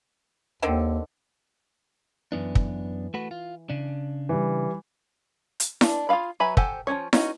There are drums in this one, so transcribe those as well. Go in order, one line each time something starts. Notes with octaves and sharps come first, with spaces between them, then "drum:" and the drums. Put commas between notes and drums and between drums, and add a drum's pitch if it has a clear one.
D#2 D3 D#3 C4
F#2 E3 B3 D4
drum: kick
A3 F#4 B4
F4
C#3 D4
E3 G3
drum: hi-hat
D4, drum: snare E4
F4 G#4 B4 F5 B5
F#3 B4 E5 G#5 B5
G4 A4 C5 F#5 G#5, drum: kick
F3 G#3 C#4 C#5
C#4 D#4 F#4, drum: snare E4